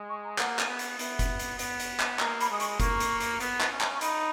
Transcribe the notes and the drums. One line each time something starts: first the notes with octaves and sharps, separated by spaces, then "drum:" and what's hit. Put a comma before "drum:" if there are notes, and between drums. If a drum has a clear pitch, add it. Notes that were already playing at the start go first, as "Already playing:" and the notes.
Already playing: G#3
C#6
A#5
A#3 F#5, drum: clap
drum: clap
B3
drum: hi-hat
B3 E5, drum: hi-hat
drum: kick F#1, hi-hat
drum: hi-hat
B3, drum: hi-hat
drum: hi-hat
drum: clap
A#3 A#5, drum: clap
B5, drum: hi-hat
G#3 D#6
C#6, drum: hi-hat
A#3 C#6, drum: kick F#1, hi-hat
drum: hi-hat
drum: hi-hat
B3, drum: hi-hat
drum: clap
C#4
drum: clap
C#6
D#4 B5, drum: hi-hat